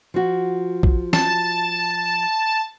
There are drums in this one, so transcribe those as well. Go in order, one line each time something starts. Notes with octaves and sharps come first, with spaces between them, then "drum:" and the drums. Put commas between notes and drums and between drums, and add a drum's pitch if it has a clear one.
F3 F#4
drum: kick B1
A5, drum: snare